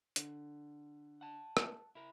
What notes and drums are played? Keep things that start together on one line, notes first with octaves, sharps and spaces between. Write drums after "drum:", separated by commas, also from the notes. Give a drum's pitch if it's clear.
D3, drum: hi-hat
F#5 A5
drum: rim click
E4 A#4